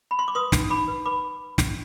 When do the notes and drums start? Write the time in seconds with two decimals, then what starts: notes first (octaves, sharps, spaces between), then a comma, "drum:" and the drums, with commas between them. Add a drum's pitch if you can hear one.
0.11 B5
0.19 C6
0.28 D6
0.35 B4 C6 D#6
0.52 D#4, drum: snare
0.70 D#4 B5 D6
0.88 B4
1.05 B4 B5 D6
1.58 drum: snare